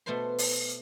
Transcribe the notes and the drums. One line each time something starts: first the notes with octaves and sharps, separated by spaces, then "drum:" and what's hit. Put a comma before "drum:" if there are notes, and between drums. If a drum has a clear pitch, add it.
B2 A3 B4 C5 C6
drum: open hi-hat